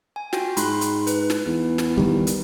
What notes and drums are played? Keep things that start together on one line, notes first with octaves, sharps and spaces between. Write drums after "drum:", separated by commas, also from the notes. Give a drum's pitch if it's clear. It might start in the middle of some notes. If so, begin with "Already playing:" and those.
G#5
F4 F#4 G5, drum: snare
G#2 B5 C6 F#6, drum: hi-hat
drum: hi-hat
B4, drum: hi-hat
drum: snare
E2
drum: snare
D#3 G3
drum: hi-hat